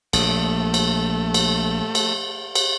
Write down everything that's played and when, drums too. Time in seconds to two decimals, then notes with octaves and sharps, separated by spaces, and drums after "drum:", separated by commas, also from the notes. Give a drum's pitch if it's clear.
0.13 A#1 A#2 A3, drum: cymbal
0.74 drum: cymbal
1.34 drum: cymbal
1.95 drum: cymbal
2.55 drum: cymbal